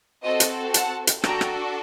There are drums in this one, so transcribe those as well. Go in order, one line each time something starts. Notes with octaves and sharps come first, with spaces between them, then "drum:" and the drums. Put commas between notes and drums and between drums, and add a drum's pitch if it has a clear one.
C4 F#4 A4 C5 D#5
drum: hi-hat
F#5 A5, drum: hi-hat
drum: hi-hat
D4 F#4 A4 G5 A#5, drum: rim click
drum: rim click